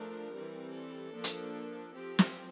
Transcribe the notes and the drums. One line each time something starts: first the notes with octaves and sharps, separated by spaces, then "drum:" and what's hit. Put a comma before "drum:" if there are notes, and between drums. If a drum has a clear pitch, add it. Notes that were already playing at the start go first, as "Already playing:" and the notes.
Already playing: F3 A3 D4 A#4
E3 G3 C4
A4
F3 A#3 D4
drum: hi-hat
F3 C4 G4
drum: snare